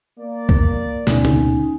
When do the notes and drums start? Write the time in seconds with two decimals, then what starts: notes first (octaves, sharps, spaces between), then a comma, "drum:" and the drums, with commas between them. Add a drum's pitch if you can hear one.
0.18 A#3 D5
0.49 drum: kick C2
1.07 D2 B2 C#4 D#4 G#5, drum: snare
1.25 drum: tom C#3